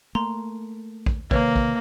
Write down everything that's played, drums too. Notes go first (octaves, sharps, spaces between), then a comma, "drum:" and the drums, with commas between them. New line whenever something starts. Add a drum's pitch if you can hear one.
A3 A#3 A#5 C6
drum: kick
C3 D#3 A#3 B4 C#5, drum: kick
drum: kick